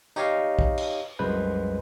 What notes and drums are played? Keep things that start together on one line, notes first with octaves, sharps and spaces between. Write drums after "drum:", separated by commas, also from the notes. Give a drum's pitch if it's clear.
D#4 G4 C#5 D#5 F5, drum: tambourine
drum: kick A#1
drum: cymbal
C2 F#2 G#3 B4 C5